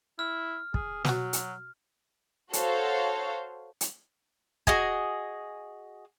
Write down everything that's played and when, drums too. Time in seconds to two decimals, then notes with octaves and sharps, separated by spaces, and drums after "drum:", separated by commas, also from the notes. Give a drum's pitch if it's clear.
0.19 E4 F6
0.74 G#4, drum: kick
1.05 B2 F#3 F#4, drum: snare
1.33 drum: hi-hat
2.53 F#4 A4 C5 C#5 F5, drum: hi-hat
3.81 drum: hi-hat
4.67 F#4 G#4 D#5 G#5, drum: kick